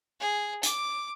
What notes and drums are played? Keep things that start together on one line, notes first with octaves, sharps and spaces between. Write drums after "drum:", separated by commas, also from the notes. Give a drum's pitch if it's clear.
G#4
D6, drum: hi-hat